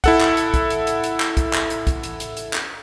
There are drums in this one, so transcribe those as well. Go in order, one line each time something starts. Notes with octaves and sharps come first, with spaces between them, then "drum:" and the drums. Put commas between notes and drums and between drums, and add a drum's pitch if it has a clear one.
E4 A4 F#5, drum: kick, hi-hat
drum: clap
drum: hi-hat
drum: kick, hi-hat
drum: hi-hat
drum: hi-hat
drum: hi-hat
drum: clap
drum: kick, hi-hat
drum: clap
drum: hi-hat
drum: kick, hi-hat
drum: hi-hat
drum: hi-hat
drum: hi-hat
drum: clap